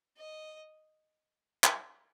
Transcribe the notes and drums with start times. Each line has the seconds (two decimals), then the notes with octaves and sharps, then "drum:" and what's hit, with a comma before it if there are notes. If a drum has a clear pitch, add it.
0.17 D#5
1.64 drum: clap